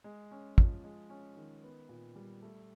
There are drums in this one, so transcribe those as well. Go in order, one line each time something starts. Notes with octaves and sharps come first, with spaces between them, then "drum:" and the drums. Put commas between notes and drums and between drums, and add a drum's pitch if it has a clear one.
G#3
C#4
F3, drum: kick
G#3
C#4
D#3
B3
A#2
G3
A3